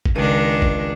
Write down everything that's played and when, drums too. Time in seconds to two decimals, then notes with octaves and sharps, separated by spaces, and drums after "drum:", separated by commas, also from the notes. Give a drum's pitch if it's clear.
0.06 drum: kick G1
0.15 C#2 D#3 G#3 D4 D7 D#7
0.62 drum: kick G1